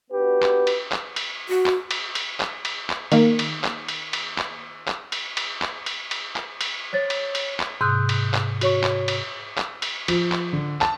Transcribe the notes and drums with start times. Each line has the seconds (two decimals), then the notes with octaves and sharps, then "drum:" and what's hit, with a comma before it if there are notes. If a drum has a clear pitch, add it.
0.11 B3 D4 F#4 G4 B4
0.42 drum: clap
0.67 drum: cymbal
0.92 drum: clap
1.16 drum: cymbal
1.49 F#4
1.66 drum: clap
1.91 drum: cymbal
2.15 drum: cymbal
2.40 drum: clap
2.65 drum: cymbal
2.90 drum: clap
3.12 D#3 A#3, drum: cymbal
3.39 drum: cymbal
3.64 drum: clap
3.88 drum: cymbal
4.13 drum: cymbal
4.38 drum: clap
4.87 drum: clap
5.12 drum: cymbal
5.37 drum: cymbal
5.62 drum: clap
5.86 drum: cymbal
6.11 drum: cymbal
6.36 drum: clap
6.61 drum: cymbal
6.93 C5 C#5 A6
7.10 drum: cymbal
7.35 drum: cymbal
7.60 drum: clap
7.81 G#2 C3 D#6 F#6 G6
8.09 drum: cymbal
8.34 drum: clap
8.61 F#4 C#5 C#6, drum: cymbal
8.83 drum: clap
9.08 drum: cymbal
9.57 drum: clap
9.82 drum: cymbal
10.08 F3, drum: cymbal
10.32 drum: clap
10.53 D3
10.81 A5, drum: clap